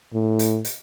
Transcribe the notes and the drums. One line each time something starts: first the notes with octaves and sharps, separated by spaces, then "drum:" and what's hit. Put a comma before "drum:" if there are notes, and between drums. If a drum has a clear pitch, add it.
A2
drum: hi-hat
drum: hi-hat